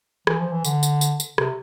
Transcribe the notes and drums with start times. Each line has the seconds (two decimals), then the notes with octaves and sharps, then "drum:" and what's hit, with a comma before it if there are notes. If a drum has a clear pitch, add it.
0.27 E3, drum: rim click
0.40 F3
0.52 E3
0.65 D3, drum: tambourine
0.83 drum: tambourine
1.01 drum: tambourine
1.20 drum: tambourine
1.38 C3, drum: rim click